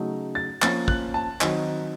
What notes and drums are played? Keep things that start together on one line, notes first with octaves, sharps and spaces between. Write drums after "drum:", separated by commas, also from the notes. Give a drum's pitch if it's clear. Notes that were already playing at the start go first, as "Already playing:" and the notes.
Already playing: C#3 F#3 A3 D#4
A6
F3 A#3 C#4 A6, drum: clap
F#6, drum: kick
A5
D#3 F#3 C4 D#4, drum: clap